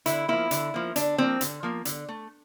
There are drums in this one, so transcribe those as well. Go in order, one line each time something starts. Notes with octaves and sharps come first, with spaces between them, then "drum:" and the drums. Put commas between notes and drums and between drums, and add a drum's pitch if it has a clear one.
D3 E4, drum: hi-hat
F3 A#3 E4
D3, drum: hi-hat
F3 A#3
D3 D4, drum: hi-hat
F3 A#3 C4
D3, drum: hi-hat
F3 A#3
D3, drum: hi-hat
A3